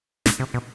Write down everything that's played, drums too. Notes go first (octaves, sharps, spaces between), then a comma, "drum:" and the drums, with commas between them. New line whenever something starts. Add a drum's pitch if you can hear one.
A#2, drum: snare
C3
B2